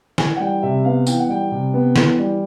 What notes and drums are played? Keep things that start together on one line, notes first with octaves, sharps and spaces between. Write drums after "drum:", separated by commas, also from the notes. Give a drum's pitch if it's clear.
E3 G#5, drum: snare
F#5
G3 G5
C3 E5
B3 F5
E3 G5, drum: tambourine
F#5
G3 G5
C3
B3
E3, drum: snare
G3